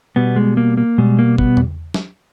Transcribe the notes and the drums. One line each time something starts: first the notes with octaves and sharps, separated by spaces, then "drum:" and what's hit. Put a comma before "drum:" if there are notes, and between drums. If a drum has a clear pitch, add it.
B2 G3 B3
G#3
A#3
A#3
B2 G3 G#3
A#3
B3, drum: kick G1
drum: tom E2
drum: snare